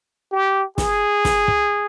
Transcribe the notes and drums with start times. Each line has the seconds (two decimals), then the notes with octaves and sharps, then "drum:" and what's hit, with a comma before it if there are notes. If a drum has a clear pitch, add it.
0.32 G4
0.78 G#4, drum: snare
1.25 drum: snare
1.48 drum: kick